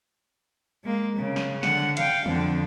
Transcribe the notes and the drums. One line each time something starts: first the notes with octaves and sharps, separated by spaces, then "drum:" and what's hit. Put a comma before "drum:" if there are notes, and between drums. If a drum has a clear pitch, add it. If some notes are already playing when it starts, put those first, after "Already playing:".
G#3 A#3
C#3
drum: snare
D3 F#5, drum: snare
F5 G5, drum: cymbal
F2 D3, drum: tom